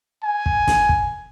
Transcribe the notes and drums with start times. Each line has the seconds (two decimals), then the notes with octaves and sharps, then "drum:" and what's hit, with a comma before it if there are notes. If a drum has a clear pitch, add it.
0.24 G#5
0.46 drum: kick
0.67 drum: snare
0.89 drum: kick